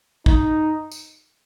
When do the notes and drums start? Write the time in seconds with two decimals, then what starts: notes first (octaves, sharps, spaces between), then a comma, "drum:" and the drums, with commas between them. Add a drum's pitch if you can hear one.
0.26 D#4, drum: kick
0.91 drum: tambourine